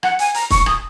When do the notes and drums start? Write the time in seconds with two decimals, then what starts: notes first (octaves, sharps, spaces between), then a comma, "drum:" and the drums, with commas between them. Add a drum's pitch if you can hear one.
0.03 F#5, drum: rim click
0.19 G#5, drum: hi-hat
0.35 A#5, drum: hi-hat
0.50 C#6, drum: kick, hi-hat
0.66 D#6, drum: rim click